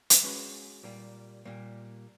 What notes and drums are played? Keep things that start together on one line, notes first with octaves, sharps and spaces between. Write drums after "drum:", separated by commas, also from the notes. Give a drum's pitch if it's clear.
drum: hi-hat
G#3 C#4 F#4 B4
A#2 G3 A#3
A#2 G3 A#3